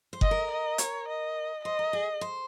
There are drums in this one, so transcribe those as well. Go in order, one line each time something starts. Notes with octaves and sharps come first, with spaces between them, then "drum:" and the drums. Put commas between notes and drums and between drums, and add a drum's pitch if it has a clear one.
C5
D#5, drum: kick F#1
A#4
D#5
C#5, drum: hi-hat
D#5
C5 D#5
A#4
G#4
C5